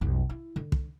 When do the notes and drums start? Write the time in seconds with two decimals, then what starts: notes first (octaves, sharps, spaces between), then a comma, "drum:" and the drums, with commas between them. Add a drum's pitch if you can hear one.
0.01 B1 F2
0.30 E4
0.56 D3
0.72 drum: kick